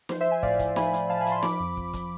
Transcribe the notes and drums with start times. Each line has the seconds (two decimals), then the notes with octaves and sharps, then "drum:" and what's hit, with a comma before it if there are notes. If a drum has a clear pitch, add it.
0.09 F3 C5, drum: snare
0.20 C5 E5
0.26 F3
0.31 E5 G#5
0.43 A2 D5 F5, drum: kick
0.59 A2, drum: kick, hi-hat
0.76 F3 G#5 B5, drum: snare
0.93 F3, drum: hi-hat
1.09 F3 F5 A5
1.21 G#5 B5
1.26 F3, drum: hi-hat
1.32 A5 C6
1.43 F3 B5 D6, drum: snare
1.60 F2
1.77 F2, drum: kick
1.93 drum: kick, hi-hat